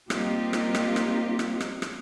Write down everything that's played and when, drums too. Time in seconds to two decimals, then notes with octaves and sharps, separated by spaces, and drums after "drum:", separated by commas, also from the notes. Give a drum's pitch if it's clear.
0.10 G3 A#3 C4 D#4 F4 G4, drum: rim click
0.53 drum: rim click
0.75 drum: rim click
0.96 drum: rim click
1.39 drum: rim click
1.60 drum: rim click
1.82 drum: rim click